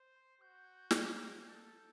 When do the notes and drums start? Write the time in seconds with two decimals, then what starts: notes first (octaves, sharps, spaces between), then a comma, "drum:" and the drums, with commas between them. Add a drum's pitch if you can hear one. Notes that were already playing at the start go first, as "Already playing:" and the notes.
Already playing: C5
0.15 C6
0.41 F#4 G6
0.91 drum: snare
1.49 A4 A6
1.76 G6